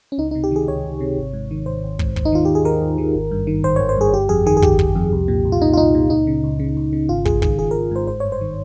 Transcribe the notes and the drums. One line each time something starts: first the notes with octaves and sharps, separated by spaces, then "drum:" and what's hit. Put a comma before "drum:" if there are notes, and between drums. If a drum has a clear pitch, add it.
C#4
C#2 D#4
C3 D#4
G4
D#3 G#4
C#2 C#5
C#2
C3
G#1
G#2
D#3
G#1 C5
G#1
G#2, drum: kick
D#2, drum: kick
D#4
D#3 F4
D#2 G4
G#4
D#3 A#4
D#2
D#3
G#1
G2
D#3
G#1 C5
G#1 C#5
C5
G2 G#4
G1 G4
F2 G#4
D#3 G#4
G#4
G1 G4, drum: kick
G1, drum: kick
F2
C2
A#2
C2
F4
A#2 D#4
F4
C2 D#4
A#2
C#2 D#4
C#3
C#2
C#3
C#2
C#3
G#1 F4
G#2 G#4, drum: kick
D#3 G#4, drum: kick
G#1 G#4
G#1 A#4
G#2 C5
G1 C5
G2 C#5
C5
D#3